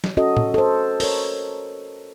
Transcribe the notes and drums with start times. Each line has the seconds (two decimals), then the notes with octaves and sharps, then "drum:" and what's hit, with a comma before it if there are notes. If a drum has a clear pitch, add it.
0.04 drum: snare
0.17 C#4 F#4 A4 D#5
0.37 drum: tom
0.54 A4 C5
1.00 A#4 C#5, drum: open hi-hat